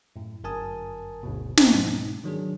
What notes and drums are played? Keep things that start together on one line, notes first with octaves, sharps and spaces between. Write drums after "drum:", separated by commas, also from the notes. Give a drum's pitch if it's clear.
F#2 A2
G1 F#2 A#4 G#5 A5 D#6
G1 D2 B2
C#2 C5 D#5 G5 A5 A#5, drum: snare
G#2 B2 D#4
D#3 F#3 D4 G#4